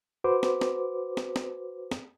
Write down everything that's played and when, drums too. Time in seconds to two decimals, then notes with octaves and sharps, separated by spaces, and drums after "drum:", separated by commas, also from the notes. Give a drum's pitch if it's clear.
0.24 F#4 B4 C5 D6
0.43 drum: snare
0.61 drum: snare
1.17 drum: snare
1.36 drum: snare
1.91 drum: snare